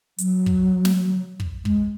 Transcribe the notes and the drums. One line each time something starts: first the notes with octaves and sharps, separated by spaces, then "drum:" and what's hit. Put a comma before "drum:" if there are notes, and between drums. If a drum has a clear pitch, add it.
F#3, drum: hi-hat
drum: kick
drum: snare
drum: kick
G#3, drum: kick